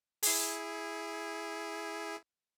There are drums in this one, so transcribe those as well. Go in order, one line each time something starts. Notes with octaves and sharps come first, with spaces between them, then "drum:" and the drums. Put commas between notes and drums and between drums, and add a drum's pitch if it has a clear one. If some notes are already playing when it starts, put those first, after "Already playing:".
E4 G#4, drum: open hi-hat